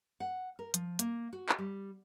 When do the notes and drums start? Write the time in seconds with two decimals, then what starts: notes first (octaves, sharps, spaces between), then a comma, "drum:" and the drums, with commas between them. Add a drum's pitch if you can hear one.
0.20 F#5
0.59 A#4
0.74 F3, drum: hi-hat
0.99 A#3, drum: hi-hat
1.33 F#4
1.49 drum: clap
1.58 G3